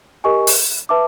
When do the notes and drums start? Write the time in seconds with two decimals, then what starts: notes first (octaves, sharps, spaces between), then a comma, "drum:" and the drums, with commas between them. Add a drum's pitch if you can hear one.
0.24 G4 A#4 D#5 G#5 C#6
0.47 drum: open hi-hat
0.89 B4 E5 A5 D6